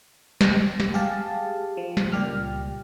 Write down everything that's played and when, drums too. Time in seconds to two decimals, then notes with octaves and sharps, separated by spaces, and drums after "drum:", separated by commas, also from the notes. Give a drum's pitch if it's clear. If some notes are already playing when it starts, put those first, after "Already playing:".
0.41 drum: snare
0.80 drum: snare
0.94 G4 G#4 F5 A5
1.77 F3
1.97 drum: snare
2.12 C#2 A#2 G3 G4 F6